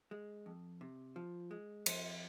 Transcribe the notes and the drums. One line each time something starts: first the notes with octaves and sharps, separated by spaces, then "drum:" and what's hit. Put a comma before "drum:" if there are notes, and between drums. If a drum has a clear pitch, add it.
G#3
F2
C3
F3
G#3
F2, drum: cymbal